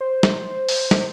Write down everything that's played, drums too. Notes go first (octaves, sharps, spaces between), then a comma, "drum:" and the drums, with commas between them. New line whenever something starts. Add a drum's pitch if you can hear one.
C5
drum: snare
drum: open hi-hat
drum: snare